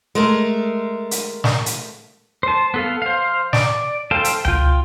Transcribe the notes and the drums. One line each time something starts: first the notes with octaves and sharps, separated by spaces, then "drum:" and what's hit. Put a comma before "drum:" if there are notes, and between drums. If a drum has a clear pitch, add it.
G#3 A3 A#4
drum: hi-hat
drum: snare
drum: hi-hat
C5 A5
B3 A4 F5
C5 F5
D5, drum: snare
A4 C5 F5 G5 A5
drum: hi-hat
F4 G5, drum: tom C#2